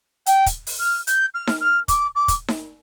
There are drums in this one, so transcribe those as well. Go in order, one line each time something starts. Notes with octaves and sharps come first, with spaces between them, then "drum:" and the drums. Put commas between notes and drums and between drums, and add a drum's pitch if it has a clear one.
G5, drum: hi-hat
drum: kick, hi-hat
drum: open hi-hat
F6
G6, drum: hi-hat
F6
drum: snare D#4
F6
D6, drum: kick, hi-hat
D6
drum: kick, hi-hat
drum: snare D#4